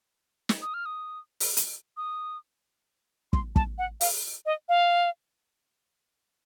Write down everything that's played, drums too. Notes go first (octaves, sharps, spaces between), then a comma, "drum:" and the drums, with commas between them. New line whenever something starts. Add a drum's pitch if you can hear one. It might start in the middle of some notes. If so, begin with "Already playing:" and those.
drum: snare
D#6
F6
D#6
drum: open hi-hat
drum: hi-hat
D#6
C6, drum: kick
A5, drum: kick
F#5
F5, drum: open hi-hat
D#5
F5